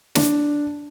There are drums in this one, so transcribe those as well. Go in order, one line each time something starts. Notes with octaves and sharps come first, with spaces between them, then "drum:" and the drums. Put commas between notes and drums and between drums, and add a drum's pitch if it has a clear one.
D4, drum: snare